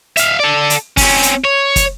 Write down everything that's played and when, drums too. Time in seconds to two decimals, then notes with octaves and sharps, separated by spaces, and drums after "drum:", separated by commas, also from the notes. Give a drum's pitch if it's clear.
0.17 E5 F5, drum: hi-hat
0.40 A4 D5
0.70 drum: hi-hat
0.97 C4 C#4, drum: kick, open hi-hat
1.23 drum: hi-hat
1.44 C#5
1.76 drum: kick, hi-hat